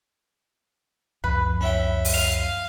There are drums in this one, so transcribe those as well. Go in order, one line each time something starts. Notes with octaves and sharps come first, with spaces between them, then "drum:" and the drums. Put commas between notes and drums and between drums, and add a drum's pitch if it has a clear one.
C#2 F#2 F3 B4
C#4 E4 G5
drum: open hi-hat
F5